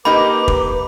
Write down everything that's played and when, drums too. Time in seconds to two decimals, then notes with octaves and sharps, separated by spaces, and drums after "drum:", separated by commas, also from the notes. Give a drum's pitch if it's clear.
0.05 A#3 D#4 G4 B4 B5 D6
0.48 drum: kick